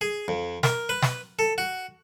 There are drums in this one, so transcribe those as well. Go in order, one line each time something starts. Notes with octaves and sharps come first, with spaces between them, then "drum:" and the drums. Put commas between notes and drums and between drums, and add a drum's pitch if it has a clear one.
G#4
F2
A#4, drum: snare
B4
drum: snare
A4
F#4